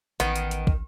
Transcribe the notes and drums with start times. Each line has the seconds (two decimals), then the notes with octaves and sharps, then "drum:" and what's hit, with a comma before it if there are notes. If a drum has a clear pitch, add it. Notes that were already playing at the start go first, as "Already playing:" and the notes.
0.20 A1 D#3 B3, drum: hi-hat
0.36 drum: hi-hat
0.51 drum: hi-hat
0.67 drum: kick